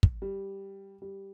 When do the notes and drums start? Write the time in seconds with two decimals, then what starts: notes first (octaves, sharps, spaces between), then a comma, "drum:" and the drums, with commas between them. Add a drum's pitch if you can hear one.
0.03 drum: kick
0.22 G3
1.02 G3